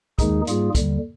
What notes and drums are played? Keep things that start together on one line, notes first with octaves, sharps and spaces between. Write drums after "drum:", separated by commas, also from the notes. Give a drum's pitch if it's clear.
D#2 D#3 G#3 D#4 G#4, drum: kick, hi-hat
G#2 G3 A#3 F4 G#4, drum: hi-hat
D#2 D3 G3, drum: kick, hi-hat